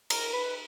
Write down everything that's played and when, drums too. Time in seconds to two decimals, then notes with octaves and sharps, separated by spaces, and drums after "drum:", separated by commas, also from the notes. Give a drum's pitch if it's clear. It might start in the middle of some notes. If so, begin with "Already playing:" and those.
0.10 A#4, drum: cymbal
0.33 B4